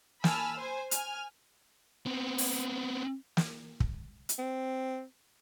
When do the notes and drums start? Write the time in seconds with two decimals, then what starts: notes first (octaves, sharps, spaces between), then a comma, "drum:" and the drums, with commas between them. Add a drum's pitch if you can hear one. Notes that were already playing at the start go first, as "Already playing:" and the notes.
0.24 G#5 A5 B5 E6 F6, drum: snare
0.56 C5 G#5
0.91 G#5 F6, drum: hi-hat
2.06 B3 C4
2.38 drum: open hi-hat
3.37 drum: snare
3.80 drum: kick
4.29 drum: hi-hat
4.38 C4